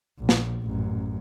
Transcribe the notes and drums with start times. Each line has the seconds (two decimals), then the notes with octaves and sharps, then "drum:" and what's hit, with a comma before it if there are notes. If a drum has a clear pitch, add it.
0.19 A#1
0.29 drum: snare
0.63 A1 F#2